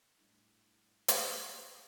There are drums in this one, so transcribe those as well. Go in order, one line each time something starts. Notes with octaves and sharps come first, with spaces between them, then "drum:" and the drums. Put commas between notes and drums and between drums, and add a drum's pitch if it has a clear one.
A2 G3 A3 D4 E4
drum: hi-hat